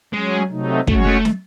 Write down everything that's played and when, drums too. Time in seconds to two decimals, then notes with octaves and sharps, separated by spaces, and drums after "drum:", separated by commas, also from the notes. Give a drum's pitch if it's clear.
0.13 F#3 G#3 C#4 G#4
0.51 C3 F#3 A3 D#4
0.87 G#3 A3 C#4 F#4 C#5, drum: kick
1.07 A3
1.25 drum: snare